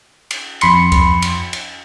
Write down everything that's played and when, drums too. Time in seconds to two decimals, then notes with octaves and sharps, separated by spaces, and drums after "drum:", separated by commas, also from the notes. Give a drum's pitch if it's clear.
0.31 drum: cymbal
0.61 F2 B5 C6 C#7, drum: cymbal
0.92 drum: kick C#2, cymbal
1.22 drum: cymbal
1.53 drum: cymbal